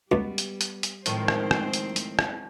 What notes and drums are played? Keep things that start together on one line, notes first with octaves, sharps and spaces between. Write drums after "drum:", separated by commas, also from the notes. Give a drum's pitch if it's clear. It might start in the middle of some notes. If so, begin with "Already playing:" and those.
C#2 G3 B3
drum: hi-hat
drum: hi-hat
drum: hi-hat
A2 D#3 F3 G#3 C4 C5, drum: hi-hat
drum: rim click
drum: rim click
drum: hi-hat
drum: hi-hat
drum: rim click